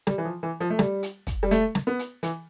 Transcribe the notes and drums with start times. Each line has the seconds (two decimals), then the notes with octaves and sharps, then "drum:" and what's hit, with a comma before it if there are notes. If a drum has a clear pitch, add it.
0.07 G3, drum: snare
0.18 E3
0.25 F3
0.43 E3
0.60 F3
0.70 A3
0.79 G3, drum: snare
1.03 drum: hi-hat
1.27 drum: kick, hi-hat
1.43 G3
1.51 A3, drum: hi-hat
1.75 drum: snare
1.87 B3
1.99 drum: hi-hat
2.23 E3, drum: hi-hat